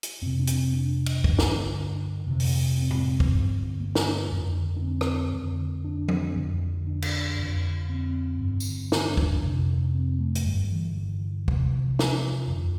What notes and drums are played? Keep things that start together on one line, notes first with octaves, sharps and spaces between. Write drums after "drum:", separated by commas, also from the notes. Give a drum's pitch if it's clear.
drum: hi-hat
F2 C3 C4
D4
C4, drum: hi-hat
D4
drum: cymbal
G2 D3, drum: kick
drum: snare
F2 C3
drum: open hi-hat
C4
drum: tom A2
drum: kick
G2 D3
A#3
drum: snare
F2 D3
D4
C4
drum: rim click
F2 D3
D4
drum: tom F3
F2 D3
D4
drum: cymbal
F2 D3
C4
G2 D3
drum: tambourine
D4, drum: snare
drum: kick
F2 C3
C4
A3
drum: hi-hat
G2 D3 G3
E3
E3
E2 C3, drum: kick
F3, drum: snare
F2 D3